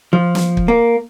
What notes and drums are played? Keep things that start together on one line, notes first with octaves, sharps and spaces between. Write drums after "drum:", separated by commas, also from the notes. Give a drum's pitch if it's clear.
F3
drum: snare
drum: kick
A#3